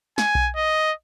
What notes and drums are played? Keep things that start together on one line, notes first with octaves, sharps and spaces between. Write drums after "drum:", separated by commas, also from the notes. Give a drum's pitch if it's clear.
G#5, drum: snare
drum: kick B1
D#5